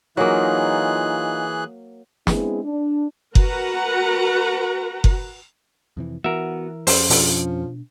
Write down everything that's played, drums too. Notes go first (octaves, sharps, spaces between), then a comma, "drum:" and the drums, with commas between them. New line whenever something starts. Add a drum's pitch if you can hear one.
E3 F#3 A#3 D#4 F4 G#4 F#6
G#3 B3 C4 D4 E4 G#4, drum: snare
D4
F#4 A#4 B4 F#5 A#5, drum: kick F#1
drum: kick F#1
F2 C3 E3
E3 B3 F#4 A#4 E5
F2 C#4 C5, drum: open hi-hat
B2 F3 D4, drum: open hi-hat